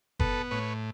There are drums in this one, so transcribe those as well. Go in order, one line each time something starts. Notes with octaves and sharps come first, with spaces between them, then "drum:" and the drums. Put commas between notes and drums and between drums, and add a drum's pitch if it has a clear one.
B3 A4 B4, drum: kick F#1
A2 B4 C#5